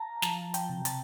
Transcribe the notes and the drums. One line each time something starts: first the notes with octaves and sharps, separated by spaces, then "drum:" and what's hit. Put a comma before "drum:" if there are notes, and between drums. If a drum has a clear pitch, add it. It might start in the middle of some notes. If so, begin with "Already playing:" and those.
Already playing: F5 A5 A#5
F3 A5, drum: snare
G5, drum: hi-hat
C3
A5, drum: hi-hat